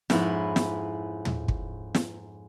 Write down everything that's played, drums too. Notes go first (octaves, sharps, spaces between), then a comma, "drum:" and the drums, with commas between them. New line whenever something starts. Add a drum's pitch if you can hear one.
F2 G#2 B3 C#4 E4, drum: snare
drum: snare
drum: tom
drum: kick
drum: snare